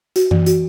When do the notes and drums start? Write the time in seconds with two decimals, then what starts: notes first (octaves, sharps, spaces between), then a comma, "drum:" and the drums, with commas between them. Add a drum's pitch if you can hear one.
0.16 F#4, drum: hi-hat
0.31 E3, drum: tom F#2
0.46 F#4, drum: hi-hat